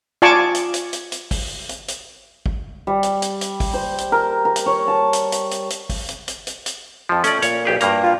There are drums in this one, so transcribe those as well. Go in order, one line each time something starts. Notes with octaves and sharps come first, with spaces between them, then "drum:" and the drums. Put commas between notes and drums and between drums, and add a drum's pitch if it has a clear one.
F4 D5 G#5 A5 C#6 D6
drum: hi-hat
drum: hi-hat
drum: hi-hat
drum: hi-hat
drum: kick, open hi-hat
drum: hi-hat
drum: hi-hat
drum: kick
G3
drum: hi-hat
drum: hi-hat
drum: hi-hat
drum: kick, open hi-hat
C5
drum: hi-hat
A#4
A#4
drum: hi-hat
C#5
A5
drum: hi-hat
drum: hi-hat
drum: hi-hat
drum: hi-hat
drum: kick, open hi-hat
drum: hi-hat
drum: hi-hat
drum: hi-hat
drum: hi-hat
F2 F3
A3 C#4 D5, drum: hi-hat
A#2 C#5, drum: hi-hat
B1 G4 G#4
G2 A#3 A#5, drum: hi-hat
F4